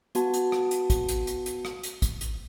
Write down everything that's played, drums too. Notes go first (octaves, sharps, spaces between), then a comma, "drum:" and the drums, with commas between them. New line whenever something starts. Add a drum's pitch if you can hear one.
B3 F#4 A5, drum: hi-hat
drum: hi-hat
drum: rim click
drum: hi-hat
drum: kick, hi-hat
drum: hi-hat
drum: hi-hat
drum: hi-hat
drum: rim click
drum: hi-hat
drum: kick, hi-hat
drum: hi-hat